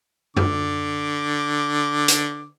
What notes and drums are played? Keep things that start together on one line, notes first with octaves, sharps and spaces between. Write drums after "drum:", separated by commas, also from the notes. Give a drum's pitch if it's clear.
D3 D6, drum: tom F#2
drum: hi-hat